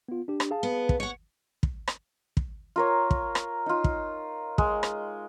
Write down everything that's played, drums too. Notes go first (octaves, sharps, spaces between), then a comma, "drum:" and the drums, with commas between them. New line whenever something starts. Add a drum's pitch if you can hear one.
B3 F4
D4 G4
drum: rim click
G#4 F5 A5
B3
drum: kick
C#5 F#5 C#7
drum: kick
drum: rim click
drum: kick
F4 A#4 C#5
drum: kick
drum: rim click
D#4 F4
drum: kick
G#3, drum: kick
drum: rim click